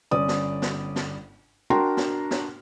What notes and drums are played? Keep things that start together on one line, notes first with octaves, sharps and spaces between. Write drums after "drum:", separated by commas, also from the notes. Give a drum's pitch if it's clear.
G1 C#4 D5 D#6
drum: snare
drum: snare
drum: snare
D4 F#4 A#4 G5 A#5 C6
drum: snare
drum: snare